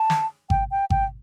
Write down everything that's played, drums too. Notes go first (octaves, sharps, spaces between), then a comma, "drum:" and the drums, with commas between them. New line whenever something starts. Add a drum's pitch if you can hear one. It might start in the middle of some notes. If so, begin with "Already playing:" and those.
Already playing: A5
drum: snare
G5, drum: kick G#1
G5
G5, drum: kick G#1